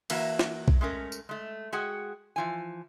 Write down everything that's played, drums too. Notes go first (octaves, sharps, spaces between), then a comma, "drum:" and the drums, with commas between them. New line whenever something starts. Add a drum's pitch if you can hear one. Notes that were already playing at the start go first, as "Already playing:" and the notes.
E3 A#3 F#4 E5 A#5, drum: cymbal
drum: snare
drum: kick B1
G#3 A3 C#4 A#4
drum: tambourine
G#3 A3
G#3 F#4 G#4 F#5 G5
E3 F3 G#5